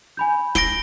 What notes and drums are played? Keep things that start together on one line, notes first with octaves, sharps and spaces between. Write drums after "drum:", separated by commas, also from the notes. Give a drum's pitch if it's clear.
G#5 B5 G6
A#6 D7 G7, drum: snare